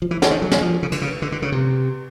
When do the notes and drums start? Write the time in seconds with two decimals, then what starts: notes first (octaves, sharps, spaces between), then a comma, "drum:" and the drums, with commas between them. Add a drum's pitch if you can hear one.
0.02 F3
0.11 E3
0.22 E3, drum: snare
0.31 D#3
0.42 F#3
0.51 drum: snare
0.61 F3
0.83 C#3
0.92 D3, drum: cymbal
1.02 C#3
1.22 D3
1.32 D3
1.42 C#3
1.52 C3